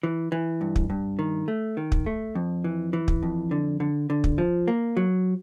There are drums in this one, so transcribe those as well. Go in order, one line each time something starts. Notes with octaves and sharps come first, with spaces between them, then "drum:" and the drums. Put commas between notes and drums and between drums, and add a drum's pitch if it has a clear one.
E3
E3
G2
drum: kick
G2
D#3
A3
D#3
drum: kick
A3
F2
E3
E3
drum: kick
F2
D3
D3
D3
drum: kick
F3
A#3
F#3